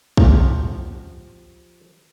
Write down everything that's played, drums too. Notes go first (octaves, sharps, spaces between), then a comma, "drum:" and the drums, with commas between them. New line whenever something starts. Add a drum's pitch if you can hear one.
F3 F#4 G4, drum: kick